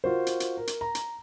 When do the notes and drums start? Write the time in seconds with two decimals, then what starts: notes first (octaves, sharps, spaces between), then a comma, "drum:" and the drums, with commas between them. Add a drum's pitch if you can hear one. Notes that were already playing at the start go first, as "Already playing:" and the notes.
0.04 F4 F#4 A#4 C5
0.27 drum: hi-hat
0.40 drum: hi-hat
0.57 A#4
0.67 drum: hi-hat
0.81 A#5
0.95 drum: hi-hat